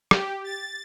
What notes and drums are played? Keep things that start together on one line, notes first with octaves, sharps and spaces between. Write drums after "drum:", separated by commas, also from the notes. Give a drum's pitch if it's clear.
G4, drum: rim click
A6